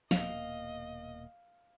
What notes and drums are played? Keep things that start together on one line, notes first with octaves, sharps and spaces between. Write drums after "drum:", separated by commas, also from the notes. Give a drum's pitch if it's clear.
D#1 B2 A#3 D#5 F5, drum: snare